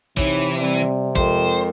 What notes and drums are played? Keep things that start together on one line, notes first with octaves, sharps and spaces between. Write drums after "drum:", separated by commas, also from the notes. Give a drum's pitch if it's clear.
C3 E3 D#4 C#5, drum: kick
G3 C4 D5
F2 G#3 A#4 C5, drum: kick